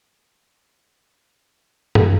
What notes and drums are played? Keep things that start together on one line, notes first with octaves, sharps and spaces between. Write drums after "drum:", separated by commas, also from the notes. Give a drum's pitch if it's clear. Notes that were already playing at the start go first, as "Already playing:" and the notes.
Already playing: B6 D#7
B2 G#5 B5 F#6 A6 C#7
C#3
F#6 B6 D#7 F#7
E3 D#6 A6 D#7 F#7
drum: tom F#2